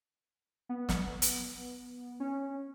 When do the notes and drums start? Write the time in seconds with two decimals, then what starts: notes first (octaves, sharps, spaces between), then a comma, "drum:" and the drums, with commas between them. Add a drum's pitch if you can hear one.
0.69 B3
0.89 drum: snare
1.22 drum: hi-hat
2.20 C#4